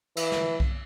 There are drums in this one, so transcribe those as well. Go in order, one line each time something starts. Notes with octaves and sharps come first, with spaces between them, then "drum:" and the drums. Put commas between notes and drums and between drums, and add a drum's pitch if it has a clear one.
E3, drum: cymbal
drum: snare
drum: kick B1